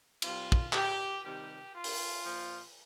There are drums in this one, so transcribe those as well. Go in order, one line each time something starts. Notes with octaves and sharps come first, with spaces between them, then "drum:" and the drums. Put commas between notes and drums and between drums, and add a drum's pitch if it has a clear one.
C3 G3 F4, drum: cymbal
drum: kick
G4, drum: clap
C3 D#3 G3 G4
F4
drum: open hi-hat
A#2 F3